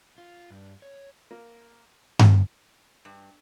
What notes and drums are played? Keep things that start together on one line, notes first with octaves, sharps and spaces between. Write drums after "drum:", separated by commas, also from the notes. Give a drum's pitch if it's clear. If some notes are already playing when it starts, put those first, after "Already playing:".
F4
G2
C#5
A#3
drum: tom G2
G2